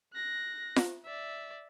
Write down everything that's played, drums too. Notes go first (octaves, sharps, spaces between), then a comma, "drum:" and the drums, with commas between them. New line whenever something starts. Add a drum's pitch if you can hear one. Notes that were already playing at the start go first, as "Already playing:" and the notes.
F#6 A#6
drum: snare F4
D5 E5